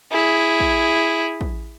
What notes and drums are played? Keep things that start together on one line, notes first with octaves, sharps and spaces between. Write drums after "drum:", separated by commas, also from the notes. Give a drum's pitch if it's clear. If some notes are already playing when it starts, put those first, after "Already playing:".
E4 G#4
drum: kick
drum: kick